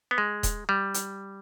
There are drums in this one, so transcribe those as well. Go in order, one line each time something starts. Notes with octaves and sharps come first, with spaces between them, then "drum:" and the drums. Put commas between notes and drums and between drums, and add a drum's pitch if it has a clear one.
B3
G#3
drum: kick D#1, hi-hat
G3
drum: hi-hat